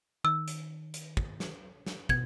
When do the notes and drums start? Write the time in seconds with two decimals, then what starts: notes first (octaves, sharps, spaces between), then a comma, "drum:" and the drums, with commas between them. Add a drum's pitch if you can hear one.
0.24 D#3 E6
0.48 drum: hi-hat
0.94 drum: hi-hat
1.17 drum: kick
1.40 drum: snare
1.87 drum: snare
2.09 B2 G#6, drum: kick